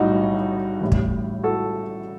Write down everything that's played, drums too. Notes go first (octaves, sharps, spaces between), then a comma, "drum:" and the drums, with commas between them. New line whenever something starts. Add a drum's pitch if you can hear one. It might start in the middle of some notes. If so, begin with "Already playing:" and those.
Already playing: B1 A2 G3 D#4 F#4
A1 A2 G3
drum: kick
F#4 A4